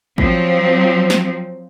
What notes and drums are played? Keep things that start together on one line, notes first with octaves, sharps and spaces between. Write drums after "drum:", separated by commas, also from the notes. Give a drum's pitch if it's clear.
F3 F#3 C4, drum: kick A1
drum: snare